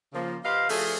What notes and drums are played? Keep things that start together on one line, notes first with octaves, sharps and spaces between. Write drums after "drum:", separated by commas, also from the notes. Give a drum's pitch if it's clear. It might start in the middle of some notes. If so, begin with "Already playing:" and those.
C#3 F3 A#3
G4 B4 C5 D#5 F5
F3 A3 D4 F#4 G#4 A4, drum: open hi-hat